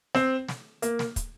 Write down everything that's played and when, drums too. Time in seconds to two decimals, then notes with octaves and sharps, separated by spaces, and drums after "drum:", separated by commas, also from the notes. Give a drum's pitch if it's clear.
0.15 C4, drum: snare
0.48 drum: snare
0.82 A#3, drum: hi-hat
0.99 drum: snare
1.16 drum: kick, hi-hat